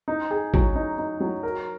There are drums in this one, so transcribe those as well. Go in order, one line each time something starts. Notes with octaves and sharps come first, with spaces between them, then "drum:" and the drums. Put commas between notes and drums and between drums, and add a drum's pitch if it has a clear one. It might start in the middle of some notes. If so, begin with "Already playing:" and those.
D#4
G#4
F#3, drum: kick
D#4
D#4
F#3
A#4